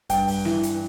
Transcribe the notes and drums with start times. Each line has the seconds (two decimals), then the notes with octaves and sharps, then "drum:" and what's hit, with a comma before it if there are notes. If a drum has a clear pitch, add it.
0.09 G2 G5, drum: kick, hi-hat
0.28 drum: open hi-hat
0.45 E3, drum: snare
0.63 drum: hi-hat